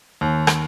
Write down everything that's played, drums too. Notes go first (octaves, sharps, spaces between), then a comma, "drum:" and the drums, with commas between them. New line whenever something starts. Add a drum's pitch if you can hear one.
D#2
drum: rim click